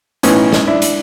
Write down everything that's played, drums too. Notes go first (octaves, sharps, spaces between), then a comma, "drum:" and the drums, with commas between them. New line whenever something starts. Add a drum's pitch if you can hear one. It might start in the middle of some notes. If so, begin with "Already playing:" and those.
B1 A2 E3 C#4 D#4, drum: hi-hat
drum: snare
D4 E4
drum: hi-hat